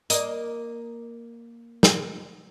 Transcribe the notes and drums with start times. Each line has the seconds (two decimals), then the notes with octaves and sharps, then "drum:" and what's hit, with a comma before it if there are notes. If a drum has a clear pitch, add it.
0.10 A#3 D#5, drum: hi-hat
1.83 drum: snare